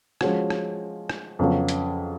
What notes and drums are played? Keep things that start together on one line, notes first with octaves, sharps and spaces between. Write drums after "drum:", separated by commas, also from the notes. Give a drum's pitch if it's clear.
F3 G#3 C#4 F#4, drum: rim click
drum: rim click
drum: rim click
F2 C#3 F#3 B3
drum: hi-hat